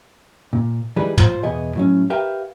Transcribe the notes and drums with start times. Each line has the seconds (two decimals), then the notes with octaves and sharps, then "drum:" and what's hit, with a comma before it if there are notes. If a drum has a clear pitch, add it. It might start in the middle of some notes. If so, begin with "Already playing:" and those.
0.53 A#2
0.96 E3 G3 G#3 D#4 G#4 B4
1.18 F4 C5, drum: tom
1.43 E2 B2 B3 G#4 D#5
1.75 A2 F#3 C#4
2.10 G4 A#4 B4 E5 F5 G5